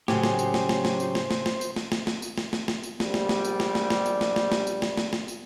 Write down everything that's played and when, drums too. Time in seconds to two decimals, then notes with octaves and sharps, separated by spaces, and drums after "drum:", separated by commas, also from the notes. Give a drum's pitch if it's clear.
0.08 A2 C#3 F#3 C#4 G4 C5, drum: snare
0.24 drum: snare
0.39 drum: tambourine
0.54 drum: snare
0.69 drum: snare
0.85 drum: snare
1.00 drum: tambourine
1.15 drum: snare
1.31 drum: snare
1.46 drum: snare
1.61 drum: tambourine
1.76 drum: snare
1.92 drum: snare
2.07 drum: snare
2.22 drum: tambourine
2.38 drum: snare
2.53 drum: snare
2.68 drum: snare
2.83 drum: tambourine
3.00 A#1 G3, drum: snare
3.14 drum: snare
3.29 drum: snare
3.45 drum: tambourine
3.60 drum: snare
3.75 drum: snare
3.90 drum: snare
4.06 drum: tambourine
4.21 drum: snare
4.36 drum: snare
4.52 drum: snare
4.67 drum: tambourine
4.82 drum: snare
4.97 drum: snare
5.13 drum: snare
5.28 drum: tambourine